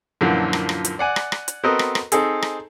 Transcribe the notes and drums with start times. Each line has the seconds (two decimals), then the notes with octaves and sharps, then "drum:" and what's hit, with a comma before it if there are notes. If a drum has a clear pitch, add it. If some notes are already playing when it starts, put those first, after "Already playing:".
0.21 F#2 A#2 D3 E3 F3
0.53 drum: rim click
0.69 drum: rim click
0.85 drum: hi-hat
0.99 D5 F#5 G#5
1.16 drum: rim click
1.32 drum: rim click
1.48 drum: hi-hat
1.63 B3 C4 F#4 A4 A#4 D#5
1.79 drum: rim click
1.95 drum: rim click
2.12 C4 D#4 G#4 A4, drum: hi-hat
2.42 drum: rim click